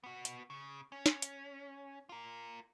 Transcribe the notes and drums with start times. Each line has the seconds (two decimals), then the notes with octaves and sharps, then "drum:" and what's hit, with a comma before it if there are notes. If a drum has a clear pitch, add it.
0.04 B3 F#4
0.25 drum: hi-hat
0.50 C#3
0.92 C#4
1.06 drum: snare
1.22 drum: hi-hat
2.09 F4 A#4